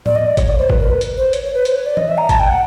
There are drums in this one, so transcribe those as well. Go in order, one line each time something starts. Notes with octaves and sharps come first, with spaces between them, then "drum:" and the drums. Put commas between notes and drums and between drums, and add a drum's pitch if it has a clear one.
D5, drum: tom A2
D#5
D5
C#5, drum: kick G#1, hi-hat
D5
C5
B4, drum: kick G#1
A#4
B4
drum: hi-hat
C5
C#5, drum: hi-hat
C#5
B4
C5, drum: hi-hat
C#5
D5
D#5, drum: tom E3
E5
A#5
A5, drum: kick G#1, hi-hat
G5
F#5